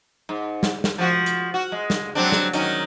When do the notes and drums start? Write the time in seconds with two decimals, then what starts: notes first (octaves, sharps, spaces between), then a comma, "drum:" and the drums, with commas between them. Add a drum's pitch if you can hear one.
0.29 G#2
0.63 drum: snare
0.84 drum: snare
0.98 F3 F#4
1.26 drum: hi-hat
1.54 F#4
1.72 G#3
1.90 drum: snare
2.15 F#3 C4 D4
2.32 drum: snare
2.53 D#3 F#3 C#4, drum: hi-hat